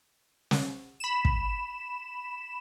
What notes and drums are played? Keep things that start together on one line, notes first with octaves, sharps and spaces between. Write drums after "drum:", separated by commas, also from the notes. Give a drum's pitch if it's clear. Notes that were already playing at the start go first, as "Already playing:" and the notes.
drum: snare
B5 E7
drum: kick